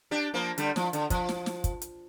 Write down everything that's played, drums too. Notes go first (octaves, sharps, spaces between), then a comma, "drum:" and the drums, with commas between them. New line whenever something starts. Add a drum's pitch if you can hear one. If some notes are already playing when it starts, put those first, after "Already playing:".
D4 G4
F3 A#3
D3 G3, drum: hi-hat
F3, drum: snare
D3, drum: hi-hat
F3, drum: kick, hi-hat
drum: snare
drum: snare
drum: kick, hi-hat
drum: hi-hat